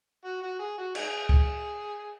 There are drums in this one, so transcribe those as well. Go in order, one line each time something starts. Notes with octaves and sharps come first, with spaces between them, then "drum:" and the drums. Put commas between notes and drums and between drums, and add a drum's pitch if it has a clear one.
F#4
F#4
G#4
F#4
D#4 G#4, drum: cymbal
drum: kick C#2